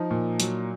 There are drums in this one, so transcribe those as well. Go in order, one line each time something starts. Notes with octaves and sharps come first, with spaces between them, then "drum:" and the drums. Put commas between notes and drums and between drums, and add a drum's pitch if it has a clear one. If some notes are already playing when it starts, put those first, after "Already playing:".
Already playing: F3 D#4
A#2
F#3, drum: hi-hat